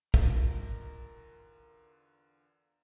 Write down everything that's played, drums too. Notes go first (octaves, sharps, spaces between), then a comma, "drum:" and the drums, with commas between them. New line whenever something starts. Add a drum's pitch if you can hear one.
E2 D3 A3 A#3 D#4 F4 A#4, drum: kick